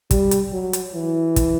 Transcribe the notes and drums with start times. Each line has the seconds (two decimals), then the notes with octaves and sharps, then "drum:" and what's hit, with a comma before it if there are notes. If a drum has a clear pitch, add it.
0.11 G3, drum: kick, hi-hat
0.31 drum: hi-hat
0.53 F#3
0.73 drum: hi-hat
0.95 E3
1.36 drum: kick, hi-hat